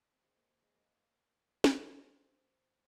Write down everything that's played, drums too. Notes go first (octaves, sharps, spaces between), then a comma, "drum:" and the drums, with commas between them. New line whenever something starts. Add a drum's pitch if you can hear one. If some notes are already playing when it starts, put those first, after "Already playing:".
Already playing: A#3
C4
G#3
A#3
A#3
G#3
A#3
G#3, drum: snare
A#3
C4